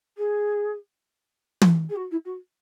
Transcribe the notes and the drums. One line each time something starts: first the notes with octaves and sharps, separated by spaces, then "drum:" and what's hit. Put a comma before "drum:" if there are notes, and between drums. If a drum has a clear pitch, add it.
G#4
drum: tom
G#4
F#4
E4
F#4